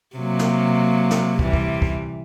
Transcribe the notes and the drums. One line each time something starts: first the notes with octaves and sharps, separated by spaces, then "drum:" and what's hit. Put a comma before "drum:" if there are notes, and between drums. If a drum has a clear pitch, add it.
C3 F#3 A#3
drum: snare
drum: snare
C3 E3 G3, drum: kick
drum: kick
drum: kick